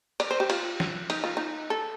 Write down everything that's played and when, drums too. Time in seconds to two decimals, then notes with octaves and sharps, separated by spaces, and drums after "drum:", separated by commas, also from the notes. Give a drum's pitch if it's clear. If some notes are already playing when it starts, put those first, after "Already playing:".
0.20 D5, drum: cymbal
0.31 C5
0.40 G4
0.50 F4, drum: cymbal
0.80 drum: snare
1.10 D#4, drum: cymbal
1.24 F4
1.37 D#4
1.70 A4